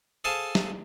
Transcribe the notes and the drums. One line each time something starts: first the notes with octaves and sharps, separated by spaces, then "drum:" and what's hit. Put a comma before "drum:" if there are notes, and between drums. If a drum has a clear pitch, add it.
G#4 A4 C5 F5 G#5 A5
drum: snare